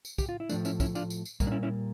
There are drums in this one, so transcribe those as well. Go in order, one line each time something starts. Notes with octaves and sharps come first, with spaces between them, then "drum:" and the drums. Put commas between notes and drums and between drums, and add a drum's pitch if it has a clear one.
drum: tambourine
G4, drum: kick, tambourine
F4
E4
A2 F3 A3 D4, drum: tambourine
C#4 E4, drum: tambourine
C#4 E4, drum: kick, tambourine
D4 F4, drum: tambourine
drum: tambourine
drum: tambourine
A#2 G3 A#3, drum: kick, tambourine
D4
C#4 E4
C#4 E4